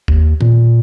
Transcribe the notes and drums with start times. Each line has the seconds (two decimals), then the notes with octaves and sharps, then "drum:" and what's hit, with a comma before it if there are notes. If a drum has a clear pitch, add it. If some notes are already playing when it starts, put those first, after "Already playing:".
0.08 D#2, drum: kick F1
0.41 A#2, drum: tom D#3